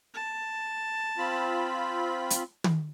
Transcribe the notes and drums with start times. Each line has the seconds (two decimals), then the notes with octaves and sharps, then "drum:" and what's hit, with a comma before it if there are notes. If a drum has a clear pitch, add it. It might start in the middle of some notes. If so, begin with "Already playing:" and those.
0.14 A5
1.18 C4 F4 B5
2.30 drum: hi-hat
2.64 drum: tom